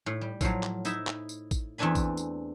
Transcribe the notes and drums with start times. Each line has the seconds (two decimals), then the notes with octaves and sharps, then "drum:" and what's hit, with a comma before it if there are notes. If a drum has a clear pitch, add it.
0.06 A2
0.21 G3
0.41 A2 F3 F#3, drum: kick A1, tambourine
0.63 drum: clap
0.85 D#4 E4 D#5 E5, drum: tambourine
1.07 drum: clap
1.29 drum: tambourine
1.51 drum: kick A1, tambourine
1.78 E2 A3 C4 D4 G#5 B5
1.95 drum: kick A1, tambourine
2.17 drum: tambourine